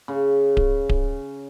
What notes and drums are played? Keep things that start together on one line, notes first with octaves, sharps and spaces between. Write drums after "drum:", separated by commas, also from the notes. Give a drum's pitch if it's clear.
C#3
drum: kick D1
drum: kick D1